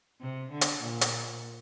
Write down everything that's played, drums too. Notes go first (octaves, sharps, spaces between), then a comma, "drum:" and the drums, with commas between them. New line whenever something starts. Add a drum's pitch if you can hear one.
C3
D3
drum: hi-hat
A#2
drum: hi-hat